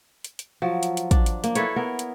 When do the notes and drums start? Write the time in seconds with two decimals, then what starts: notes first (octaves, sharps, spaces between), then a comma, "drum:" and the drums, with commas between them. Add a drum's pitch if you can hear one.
0.24 drum: hi-hat
0.39 drum: hi-hat
0.62 F3 F#3
0.83 drum: hi-hat
0.97 drum: hi-hat
1.11 D4, drum: kick, hi-hat
1.26 drum: hi-hat
1.44 A#3, drum: hi-hat
1.55 E4 A4 B4 C#5, drum: hi-hat
1.76 B3 A#4
1.99 drum: hi-hat